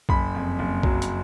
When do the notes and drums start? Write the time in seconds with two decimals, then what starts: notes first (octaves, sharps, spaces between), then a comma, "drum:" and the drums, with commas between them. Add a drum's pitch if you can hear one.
0.09 F#1 B5, drum: kick B1
0.35 F2
0.59 F#1
0.83 F#3, drum: kick B1
1.02 drum: hi-hat